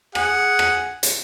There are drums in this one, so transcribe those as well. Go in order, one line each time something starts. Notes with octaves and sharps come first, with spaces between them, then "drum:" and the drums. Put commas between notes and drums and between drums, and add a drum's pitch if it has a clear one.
G#4 F#5, drum: rim click
drum: rim click
drum: hi-hat